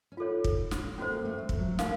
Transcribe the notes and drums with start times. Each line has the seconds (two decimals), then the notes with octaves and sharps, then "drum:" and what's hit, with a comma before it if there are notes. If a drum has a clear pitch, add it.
0.12 C#4
0.17 D#4 F4 A4 C#5
0.44 drum: kick
0.71 drum: snare
0.98 A#3 C#4 F#4 A4 C5
1.12 A#3
1.25 A3
1.38 A3
1.49 A3, drum: kick
1.58 F#3
1.69 F#3
1.79 A3 D#4 A#4 F5, drum: snare